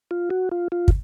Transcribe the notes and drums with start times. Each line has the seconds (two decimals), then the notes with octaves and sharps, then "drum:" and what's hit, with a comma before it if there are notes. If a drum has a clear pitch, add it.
0.11 F4
0.30 F#4
0.51 F4
0.72 F4
0.88 drum: kick